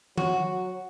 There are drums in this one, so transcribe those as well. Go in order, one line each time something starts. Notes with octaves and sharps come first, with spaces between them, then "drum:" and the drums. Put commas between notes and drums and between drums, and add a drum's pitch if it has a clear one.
F#3 F#4, drum: tom D#3